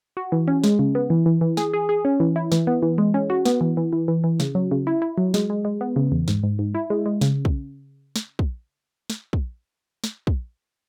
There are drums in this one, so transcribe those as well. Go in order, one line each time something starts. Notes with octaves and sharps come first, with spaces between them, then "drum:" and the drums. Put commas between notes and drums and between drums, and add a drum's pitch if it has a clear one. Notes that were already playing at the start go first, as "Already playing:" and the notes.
F#4
E3
C#4
G#3, drum: snare
C#3
B3
E3
E3
E3
G#4, drum: snare
G#4
G#4
C#4
E3
E4
E3, drum: snare
B3
E3
G#3
C#4
F#4
B3, drum: snare
E3
E3
E3
E3
E3
C#3, drum: snare
F#3
C#3
E4
E4
F#3
G#3, drum: snare
G#3
G#3
B3
C#3
E2
G#2, drum: snare
G#2
G#2
E4
G#3
G#3
C#3, drum: snare
drum: kick
drum: snare
drum: kick
drum: snare
drum: kick
drum: snare
drum: kick